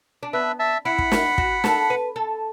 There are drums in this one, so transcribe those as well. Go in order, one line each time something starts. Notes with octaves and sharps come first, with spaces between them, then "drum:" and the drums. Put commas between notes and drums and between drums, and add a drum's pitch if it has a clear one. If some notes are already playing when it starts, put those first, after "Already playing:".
D4
B3 B4 E5
E5 A5
E4 F#5 B5
drum: kick
drum: snare
F#4, drum: kick
A4, drum: snare
B4
A4